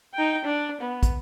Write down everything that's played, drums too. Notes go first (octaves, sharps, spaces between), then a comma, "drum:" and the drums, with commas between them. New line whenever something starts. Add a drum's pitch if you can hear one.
D#4 G5
D4
B3
drum: kick, hi-hat